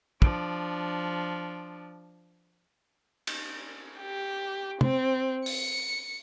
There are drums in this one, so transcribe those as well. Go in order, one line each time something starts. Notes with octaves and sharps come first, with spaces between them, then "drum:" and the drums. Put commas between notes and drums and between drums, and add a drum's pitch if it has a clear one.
F3 D4, drum: kick
drum: cymbal
G4
C4, drum: tom
C#7, drum: open hi-hat